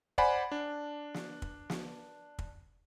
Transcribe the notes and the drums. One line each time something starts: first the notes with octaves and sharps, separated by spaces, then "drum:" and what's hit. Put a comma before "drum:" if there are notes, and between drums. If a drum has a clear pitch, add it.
C5 D5 F#5 G#5 B5, drum: kick
D4
drum: snare
drum: kick
drum: snare
drum: kick